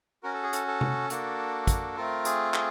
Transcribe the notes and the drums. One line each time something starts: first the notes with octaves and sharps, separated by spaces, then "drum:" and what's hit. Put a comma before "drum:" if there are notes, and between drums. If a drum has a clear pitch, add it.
C#4 F#4 A#4
A4
G#4
A4, drum: hi-hat
A4
drum: tom C3
A#3 D4 F#4, drum: hi-hat
drum: kick, hi-hat
A3 C4 F4 A#4
G#4, drum: hi-hat
G#4, drum: clap